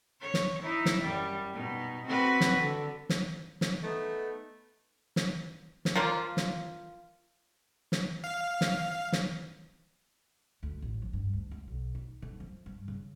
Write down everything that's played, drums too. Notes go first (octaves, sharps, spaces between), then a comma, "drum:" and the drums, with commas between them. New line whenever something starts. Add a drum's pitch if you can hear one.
C#5
drum: snare
D#4 E4
drum: snare
F#2 G3
B2 D#4
C4 F#4 B4
drum: snare
D3
drum: snare
drum: snare
A3 B3 D#4
drum: snare
drum: snare
F3 A#3 F4
drum: snare
drum: snare
F5
drum: snare
drum: snare
D2
A1
F3
G2
D2
C#2
B1
D#4
D3
F3
G2
C#3